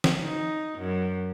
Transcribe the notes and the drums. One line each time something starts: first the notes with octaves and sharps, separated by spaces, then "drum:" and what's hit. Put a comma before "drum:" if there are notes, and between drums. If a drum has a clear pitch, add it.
drum: snare
D#4
F#2